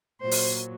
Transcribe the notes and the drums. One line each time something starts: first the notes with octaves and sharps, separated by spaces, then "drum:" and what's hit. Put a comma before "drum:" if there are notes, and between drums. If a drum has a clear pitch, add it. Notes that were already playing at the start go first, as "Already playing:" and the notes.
A#2 F#3 C5
drum: open hi-hat